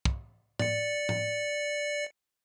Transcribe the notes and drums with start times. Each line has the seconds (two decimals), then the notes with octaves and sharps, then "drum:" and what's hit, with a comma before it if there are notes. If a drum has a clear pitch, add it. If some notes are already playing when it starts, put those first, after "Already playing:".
0.05 drum: kick
0.59 D5 C#7, drum: tom A2
1.09 drum: tom A2